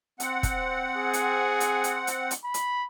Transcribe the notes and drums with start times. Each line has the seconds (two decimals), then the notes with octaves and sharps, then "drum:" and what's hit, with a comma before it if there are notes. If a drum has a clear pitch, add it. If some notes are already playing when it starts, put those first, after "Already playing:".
0.20 C4 F#5, drum: hi-hat
0.43 drum: kick, hi-hat
0.97 G#4
1.13 drum: hi-hat
1.60 drum: hi-hat
1.84 drum: hi-hat
2.07 drum: hi-hat
2.31 drum: hi-hat
2.44 B5
2.54 drum: hi-hat